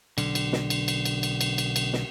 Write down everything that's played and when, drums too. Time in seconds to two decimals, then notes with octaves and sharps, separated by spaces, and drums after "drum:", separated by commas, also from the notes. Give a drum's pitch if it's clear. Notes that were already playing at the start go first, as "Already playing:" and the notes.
0.18 B1 D3, drum: cymbal
0.35 drum: cymbal
0.53 drum: snare
0.70 drum: cymbal
0.88 drum: cymbal
1.05 drum: cymbal
1.23 drum: cymbal
1.41 drum: cymbal
1.58 drum: cymbal
1.76 drum: cymbal
1.93 drum: snare